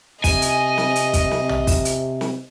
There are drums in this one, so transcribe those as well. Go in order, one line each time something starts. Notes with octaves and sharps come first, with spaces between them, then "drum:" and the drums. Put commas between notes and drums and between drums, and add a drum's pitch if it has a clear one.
C3 D#5 G#5, drum: kick, open hi-hat
drum: hi-hat
drum: snare
drum: hi-hat
drum: kick, hi-hat
drum: snare
drum: tom A#1
drum: kick, open hi-hat
drum: hi-hat
drum: snare